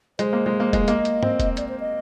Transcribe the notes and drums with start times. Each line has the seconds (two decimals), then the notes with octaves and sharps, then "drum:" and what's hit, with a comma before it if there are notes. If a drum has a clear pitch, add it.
0.19 G#3 C5, drum: hi-hat
0.33 A#3
0.46 G#3
0.60 A#3
0.73 G#3, drum: kick E1, hi-hat
0.88 A#3 D#5, drum: hi-hat
1.05 drum: hi-hat
1.23 C4, drum: tom G#2
1.40 drum: kick E1, hi-hat
1.57 D5, drum: hi-hat
1.69 C5
1.80 D#5